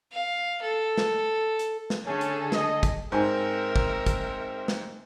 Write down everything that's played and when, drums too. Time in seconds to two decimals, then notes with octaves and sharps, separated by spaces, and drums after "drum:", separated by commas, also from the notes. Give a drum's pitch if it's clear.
0.12 F5
0.62 A4
0.98 drum: snare
1.59 drum: hi-hat
1.90 drum: snare
2.05 D3 A3 C#4 G#4 A4
2.21 drum: hi-hat
2.52 D#5, drum: snare
2.83 drum: kick, hi-hat
3.12 G#2 C4 A#4 C5 E5 G#5
3.76 drum: kick
4.06 drum: kick, hi-hat
4.68 drum: snare